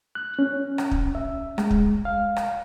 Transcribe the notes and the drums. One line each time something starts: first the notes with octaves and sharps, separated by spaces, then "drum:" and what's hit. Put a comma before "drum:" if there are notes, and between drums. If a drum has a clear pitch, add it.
F#6
C#4
drum: rim click
drum: kick
E5
G#3, drum: rim click
drum: kick
F5
drum: rim click